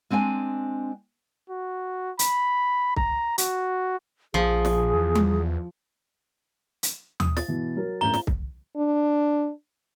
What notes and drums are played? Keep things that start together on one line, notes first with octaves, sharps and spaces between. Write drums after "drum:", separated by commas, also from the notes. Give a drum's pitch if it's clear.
G#3 C4 D4 G5 G#5
F#4
B5, drum: hi-hat
A#5, drum: kick C2
F#4, drum: hi-hat
A#1 F3 G#4
drum: snare
E2
drum: tom G3
drum: hi-hat
D#6, drum: tom D#2
A6, drum: snare
B2 E3
F#3 A#4
E1 A1 A#5 G6 G7
drum: snare
drum: kick C2
D4